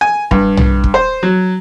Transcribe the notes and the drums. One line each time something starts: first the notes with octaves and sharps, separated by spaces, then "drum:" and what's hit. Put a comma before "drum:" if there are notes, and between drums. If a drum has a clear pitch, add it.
G#5
G2, drum: kick
drum: tom
drum: kick
C5
F#3